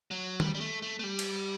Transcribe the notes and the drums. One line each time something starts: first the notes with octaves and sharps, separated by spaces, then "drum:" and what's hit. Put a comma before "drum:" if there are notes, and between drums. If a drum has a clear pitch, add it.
F#3
G3, drum: tom
G3
A3
A3
A3
G3
drum: cymbal